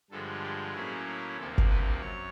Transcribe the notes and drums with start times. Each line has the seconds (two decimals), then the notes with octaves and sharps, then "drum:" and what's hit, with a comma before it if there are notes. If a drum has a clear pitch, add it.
0.11 G2 D3 F3 G#3 A4
0.43 G4
0.74 A2 F#3 A#3 C#4 E4 G#4
1.38 D2 C3 F3 A#3 A4
1.58 drum: kick G1
1.70 B4
2.01 F#2 C#5